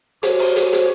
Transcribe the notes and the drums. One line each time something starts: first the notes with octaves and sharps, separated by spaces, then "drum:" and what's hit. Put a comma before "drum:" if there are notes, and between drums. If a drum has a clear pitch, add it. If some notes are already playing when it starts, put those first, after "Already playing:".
F#4 G4 C5 C#5, drum: hi-hat
drum: open hi-hat
drum: hi-hat
drum: hi-hat